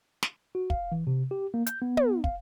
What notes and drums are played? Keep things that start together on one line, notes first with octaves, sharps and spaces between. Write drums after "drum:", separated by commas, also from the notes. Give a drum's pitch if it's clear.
drum: snare
F#4
F5, drum: kick
E3
C3
G4
A#3
G6, drum: hi-hat
B3
drum: tom
F5, drum: kick